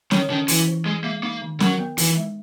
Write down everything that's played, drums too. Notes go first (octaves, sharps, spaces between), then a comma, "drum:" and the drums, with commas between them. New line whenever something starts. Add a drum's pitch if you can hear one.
D#3 C#5, drum: snare
D#3 C#4
E3 E4, drum: open hi-hat
E3
G#3 G#4
G#3 A#3
A#3 D#4
D#3
F#3 A#4, drum: snare
B3
E3 D#4, drum: open hi-hat
G#3